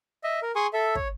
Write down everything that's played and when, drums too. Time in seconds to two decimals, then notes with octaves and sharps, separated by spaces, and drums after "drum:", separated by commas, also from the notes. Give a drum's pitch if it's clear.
0.24 D#5 E5
0.42 A#4
0.56 G#4 G#5 C6 C#6 D#6
0.73 A4 E5
0.95 C#5, drum: kick